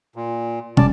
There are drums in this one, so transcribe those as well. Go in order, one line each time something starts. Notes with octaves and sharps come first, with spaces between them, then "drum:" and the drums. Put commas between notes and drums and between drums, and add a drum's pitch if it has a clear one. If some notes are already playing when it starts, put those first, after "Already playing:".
A#2
F1 G3 C#4 D5 A5, drum: tom